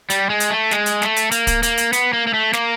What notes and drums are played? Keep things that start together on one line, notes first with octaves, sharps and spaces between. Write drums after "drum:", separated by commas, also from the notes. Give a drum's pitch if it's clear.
G3, drum: hi-hat
G#3
drum: hi-hat
A3
G#3, drum: snare
drum: hi-hat
A3, drum: snare
drum: hi-hat
A#3, drum: hi-hat
drum: kick, hi-hat
A#3, drum: hi-hat
drum: hi-hat
B3, drum: hi-hat
A#3
A#3
A3
A#3, drum: snare